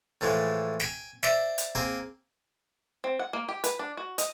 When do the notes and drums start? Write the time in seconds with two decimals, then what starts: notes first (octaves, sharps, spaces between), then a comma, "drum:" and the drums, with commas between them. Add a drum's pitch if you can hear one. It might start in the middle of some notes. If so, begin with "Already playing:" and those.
0.21 A2 E3 F3 G#3 A3
0.80 G5 G#5, drum: snare
1.23 C5 D5 E5, drum: snare
1.58 drum: hi-hat
1.75 A#3 C4 G#4 A#4
3.04 C4
3.19 F#5
3.33 A#3
3.49 G4
3.64 B4, drum: hi-hat
3.79 D4
3.97 F#4
4.18 D#5, drum: hi-hat